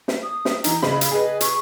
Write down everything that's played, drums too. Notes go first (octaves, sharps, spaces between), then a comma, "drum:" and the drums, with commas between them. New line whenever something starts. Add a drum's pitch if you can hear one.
drum: snare
D#6
drum: snare
E3 D#4 A#5, drum: hi-hat
C#3 D#5 B5, drum: snare
drum: hi-hat
G#4 B4 D#5
C#6, drum: hi-hat